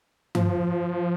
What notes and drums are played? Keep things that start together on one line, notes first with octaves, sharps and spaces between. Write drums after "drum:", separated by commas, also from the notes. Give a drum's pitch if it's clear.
F3, drum: tom G2